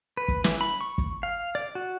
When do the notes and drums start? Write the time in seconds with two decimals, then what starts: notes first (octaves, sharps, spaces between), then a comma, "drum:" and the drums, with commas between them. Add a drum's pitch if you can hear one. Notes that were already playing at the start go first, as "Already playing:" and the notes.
0.17 B4
0.28 drum: kick
0.44 E3, drum: snare
0.61 B5
0.81 C#6
0.98 drum: kick
1.23 F5
1.55 D5
1.75 F#4